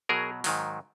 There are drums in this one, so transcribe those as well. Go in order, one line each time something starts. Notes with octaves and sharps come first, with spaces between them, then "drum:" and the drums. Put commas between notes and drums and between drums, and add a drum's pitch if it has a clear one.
B2 F#3 G#4 A#4
G#2 D#3 F#3, drum: open hi-hat